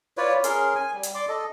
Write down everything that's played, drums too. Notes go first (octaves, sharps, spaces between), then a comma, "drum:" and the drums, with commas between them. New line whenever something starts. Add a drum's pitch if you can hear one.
F4 B4 C#5 D5
C#4 G#4 A#4 C6, drum: hi-hat
G#5
G3
drum: hi-hat
D5 C6 D6
A4 D#5